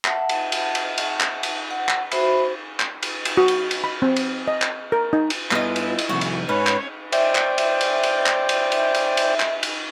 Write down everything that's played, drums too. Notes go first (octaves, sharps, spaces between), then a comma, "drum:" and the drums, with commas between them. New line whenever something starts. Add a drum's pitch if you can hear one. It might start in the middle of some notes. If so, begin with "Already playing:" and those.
E5 F#5 A5, drum: clap
drum: cymbal
drum: cymbal
drum: cymbal
drum: cymbal
drum: clap
drum: cymbal
F#5
drum: clap
F#4 C5 E5 B5, drum: cymbal
drum: clap
drum: cymbal
drum: cymbal
F#4
drum: cymbal
drum: cymbal
B5
C4
drum: cymbal
D#5
drum: clap
A#4
D#4
drum: cymbal
G2 B3 E4 F4 D#5, drum: clap
drum: cymbal
drum: cymbal
C2 F2 F#4
drum: cymbal
G#2 C#4 B4 C#5
drum: clap
C5 D5 E5 G5, drum: cymbal
drum: clap
drum: cymbal
drum: cymbal
drum: cymbal
drum: clap
drum: cymbal
drum: cymbal
drum: cymbal
drum: cymbal
drum: clap
drum: cymbal